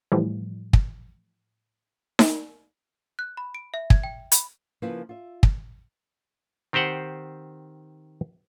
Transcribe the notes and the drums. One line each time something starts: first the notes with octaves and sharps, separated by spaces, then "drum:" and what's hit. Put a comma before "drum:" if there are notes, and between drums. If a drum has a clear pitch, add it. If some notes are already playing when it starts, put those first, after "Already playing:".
A2 E3 F3 G3
drum: kick
drum: snare D#4
F#6
B5
D7
E5
G#6, drum: kick
G5
B5, drum: hi-hat
C#3 F3 A#3 E4 B4
F4 E5
drum: kick
D#3 C4 G4 C5 F#5